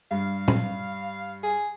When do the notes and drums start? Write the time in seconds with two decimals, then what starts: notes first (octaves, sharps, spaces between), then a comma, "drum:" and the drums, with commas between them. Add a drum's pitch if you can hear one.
0.11 G2 F5
0.48 drum: tom A#2
1.43 G#4